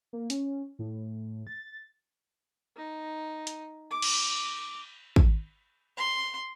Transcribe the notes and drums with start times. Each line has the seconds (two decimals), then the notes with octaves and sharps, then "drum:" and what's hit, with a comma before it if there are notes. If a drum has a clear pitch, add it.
0.13 A#3
0.30 C#4, drum: hi-hat
0.79 A2
1.47 A6
2.76 D#4
3.47 drum: hi-hat
3.91 D6
4.02 drum: cymbal
5.16 drum: kick
5.97 C6